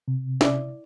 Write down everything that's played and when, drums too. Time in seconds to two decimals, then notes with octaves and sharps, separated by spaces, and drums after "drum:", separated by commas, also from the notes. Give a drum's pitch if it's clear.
0.08 C3
0.41 E4 D5, drum: snare